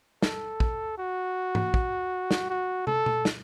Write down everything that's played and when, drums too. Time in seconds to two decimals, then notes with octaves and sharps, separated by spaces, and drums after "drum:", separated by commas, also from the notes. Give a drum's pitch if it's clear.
0.22 A4, drum: snare
0.60 drum: kick
0.98 F#4
1.55 drum: tom
1.74 drum: kick
2.31 drum: snare
2.50 F#4
2.87 A4, drum: tom
3.06 drum: tom B2
3.25 drum: snare